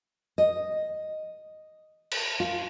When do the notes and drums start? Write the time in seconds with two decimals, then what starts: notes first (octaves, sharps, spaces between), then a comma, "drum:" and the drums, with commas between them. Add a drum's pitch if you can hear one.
0.38 D#5
2.11 drum: cymbal
2.40 F4